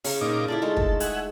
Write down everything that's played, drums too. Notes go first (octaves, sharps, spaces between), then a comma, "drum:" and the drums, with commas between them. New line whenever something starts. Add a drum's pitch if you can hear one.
C#3 A#4, drum: open hi-hat
A#2 D#4 D6
E4 F4 A4 D5
G#3 A3 D#4
drum: kick
G#4 E5 F#5, drum: hi-hat